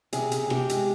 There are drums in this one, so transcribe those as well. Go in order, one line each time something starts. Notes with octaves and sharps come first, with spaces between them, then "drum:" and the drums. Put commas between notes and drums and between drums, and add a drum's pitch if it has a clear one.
C3 G#4, drum: hi-hat
C3, drum: hi-hat
C3 G4, drum: rim click
G#3, drum: hi-hat